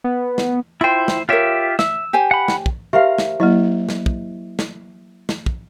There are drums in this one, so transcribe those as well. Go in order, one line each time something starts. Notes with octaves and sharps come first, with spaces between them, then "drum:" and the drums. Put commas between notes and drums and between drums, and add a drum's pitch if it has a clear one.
B3
drum: snare
E4 F4 C5 G5
drum: snare
F4 G4 A#4 C#5 E5
E5 E6, drum: snare
G4 C5 G#5
F#5 B5
drum: snare
drum: kick
G4 A#4 C5 E5 F5
drum: snare
F#3 A#3 E4 D#5
drum: snare
drum: kick
drum: snare
drum: snare
drum: kick